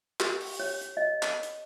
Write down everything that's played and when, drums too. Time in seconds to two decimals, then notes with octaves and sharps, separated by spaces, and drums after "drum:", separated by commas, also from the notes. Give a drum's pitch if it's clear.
0.20 G4, drum: clap
0.41 drum: open hi-hat
0.60 C#5
0.82 drum: hi-hat
0.97 D#5
1.23 drum: clap
1.43 drum: hi-hat